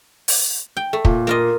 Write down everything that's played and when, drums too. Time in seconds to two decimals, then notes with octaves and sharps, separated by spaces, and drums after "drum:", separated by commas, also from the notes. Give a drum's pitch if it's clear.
0.28 drum: open hi-hat
0.77 G5
0.93 A3
1.05 A#2, drum: kick
1.27 A#3 F4 D#5